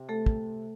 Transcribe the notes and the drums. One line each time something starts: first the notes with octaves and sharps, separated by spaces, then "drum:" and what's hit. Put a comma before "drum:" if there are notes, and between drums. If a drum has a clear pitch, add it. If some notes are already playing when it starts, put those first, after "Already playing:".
Already playing: C3
A3 A4
drum: kick